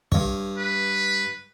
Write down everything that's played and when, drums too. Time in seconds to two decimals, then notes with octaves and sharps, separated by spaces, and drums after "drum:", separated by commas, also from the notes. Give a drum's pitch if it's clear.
0.12 G2 C#5, drum: kick
0.57 B4